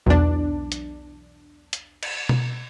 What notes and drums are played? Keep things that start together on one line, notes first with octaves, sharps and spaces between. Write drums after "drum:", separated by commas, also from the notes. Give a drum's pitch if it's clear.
B1 E2 D4
drum: hi-hat
drum: hi-hat
drum: cymbal
drum: tom B2